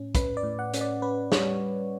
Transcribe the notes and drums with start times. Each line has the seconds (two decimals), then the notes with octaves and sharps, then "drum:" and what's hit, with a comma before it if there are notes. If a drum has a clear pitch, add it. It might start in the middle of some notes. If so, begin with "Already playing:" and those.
Already playing: A2 C#4
0.15 C#4 B4, drum: kick, hi-hat
0.37 D5
0.43 A2
0.59 F#5
0.74 C#4, drum: hi-hat
0.81 D5
1.02 C#4 B4
1.32 G3 C#5, drum: snare